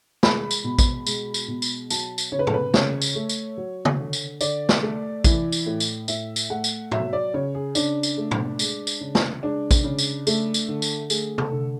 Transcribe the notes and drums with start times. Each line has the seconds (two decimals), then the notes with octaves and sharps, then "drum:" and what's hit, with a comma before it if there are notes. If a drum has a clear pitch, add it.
0.23 G#3 B5, drum: snare
0.51 drum: tambourine
0.64 B2
0.79 drum: kick A1, tambourine
1.07 G#3, drum: tambourine
1.34 drum: tambourine
1.48 B2
1.62 drum: tambourine
1.90 F#3 A5, drum: tambourine
2.18 drum: tambourine
2.32 C#3 C#5
2.39 B4
2.47 A4, drum: tom A2
2.54 B4
2.74 C#3 C#5, drum: snare
3.02 drum: tambourine
3.15 A3
3.29 drum: tambourine
3.57 F#3
3.85 drum: tom
3.99 D3
4.13 drum: tambourine
4.41 D3 D5, drum: tambourine
4.69 drum: snare
4.83 A3
5.24 E3, drum: kick A1, tambourine
5.52 drum: tambourine
5.66 A2
5.80 drum: tambourine
6.08 A2 E5, drum: tambourine
6.36 drum: tambourine
6.50 A3 F#5
6.64 drum: tambourine
6.91 F#3 E5, drum: tom A2
7.13 D5
7.34 C#3 C#5
7.55 G#4
7.75 C#3 D4, drum: tambourine
8.03 drum: tambourine
8.18 A3
8.31 drum: tom A2
8.59 G#3, drum: tambourine
8.87 drum: tambourine
9.01 C#3
9.15 drum: snare
9.43 G#3 D4
9.71 drum: kick A1, tambourine
9.84 C#3
9.99 drum: tambourine
10.27 A3, drum: tambourine
10.54 drum: tambourine
10.68 D3
10.82 drum: tambourine
11.10 A3 G#4, drum: tambourine
11.38 A4, drum: tom C3
11.52 D3